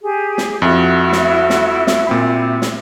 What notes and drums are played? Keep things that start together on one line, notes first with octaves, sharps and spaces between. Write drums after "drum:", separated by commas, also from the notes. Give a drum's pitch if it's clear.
G4 G#4
drum: snare
F2 E4 F#4 E5
drum: snare
drum: snare
drum: snare
A#2 C4 B5
drum: snare